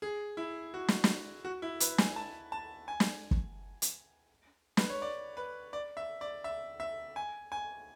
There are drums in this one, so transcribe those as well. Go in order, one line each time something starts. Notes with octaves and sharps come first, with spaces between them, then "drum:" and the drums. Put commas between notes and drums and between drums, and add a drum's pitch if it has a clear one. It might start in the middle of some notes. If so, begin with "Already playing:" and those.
G#4
E4
F#4
drum: snare
drum: snare
F#4
E4
B4, drum: hi-hat
G#5, drum: snare
A5
A5
G#5
drum: snare
drum: kick
drum: hi-hat
B4, drum: snare
C#5
D5
B4
D5
E5
D5
E5
E5
G#5
G#5